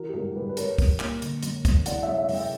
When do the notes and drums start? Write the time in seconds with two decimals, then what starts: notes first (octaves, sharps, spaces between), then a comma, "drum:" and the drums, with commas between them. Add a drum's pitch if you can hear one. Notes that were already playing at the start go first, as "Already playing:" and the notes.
Already playing: E3 F#4 A#4
0.09 G4
0.14 G2 F#4 A#4
0.36 G2 G4 B4
0.49 B4
0.57 G3 A#4 C#5, drum: hi-hat
0.78 G3, drum: kick, open hi-hat
1.00 A#2, drum: clap
1.22 D3, drum: hi-hat
1.43 F#2, drum: hi-hat
1.65 F#2, drum: kick, hi-hat
1.86 E3 D5 F#5, drum: hi-hat
2.03 F#2 C#5 E5
2.18 C#5 E5
2.29 F#2, drum: open hi-hat
2.34 E5 G5